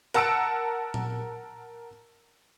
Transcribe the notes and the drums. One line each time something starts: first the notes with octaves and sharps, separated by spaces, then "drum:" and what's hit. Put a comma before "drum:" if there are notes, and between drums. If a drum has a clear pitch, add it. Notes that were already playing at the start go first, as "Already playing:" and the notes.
A#4 F#5 A5 E6 C#7 D7, drum: hi-hat
drum: tom A#2